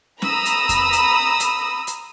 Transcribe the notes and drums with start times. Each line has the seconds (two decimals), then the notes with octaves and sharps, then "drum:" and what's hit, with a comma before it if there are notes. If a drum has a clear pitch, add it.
0.22 A#5 B5 D#6 E6, drum: snare C#4
0.45 drum: hi-hat
0.69 drum: kick F2, hi-hat
0.93 drum: hi-hat
1.40 drum: hi-hat
1.87 drum: hi-hat